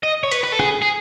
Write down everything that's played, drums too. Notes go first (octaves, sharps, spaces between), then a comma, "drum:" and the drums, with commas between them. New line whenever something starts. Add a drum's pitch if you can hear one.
D#5
C#5
B4, drum: hi-hat
B4
A4
G#4, drum: rim click
G#4